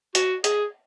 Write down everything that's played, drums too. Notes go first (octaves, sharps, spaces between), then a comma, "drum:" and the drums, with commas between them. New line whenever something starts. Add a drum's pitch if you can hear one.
F#4, drum: hi-hat
G#4, drum: hi-hat